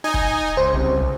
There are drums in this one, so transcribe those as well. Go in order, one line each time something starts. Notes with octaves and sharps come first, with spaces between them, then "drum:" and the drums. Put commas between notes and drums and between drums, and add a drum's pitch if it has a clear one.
D#4 D#5 G#5
drum: kick
C#2 C5
C2